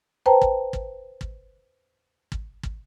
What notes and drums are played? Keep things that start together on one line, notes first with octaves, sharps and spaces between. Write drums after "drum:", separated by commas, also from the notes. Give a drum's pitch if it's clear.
B4 C5 G5 A5 A#5
drum: kick
drum: kick
drum: kick
drum: kick
drum: kick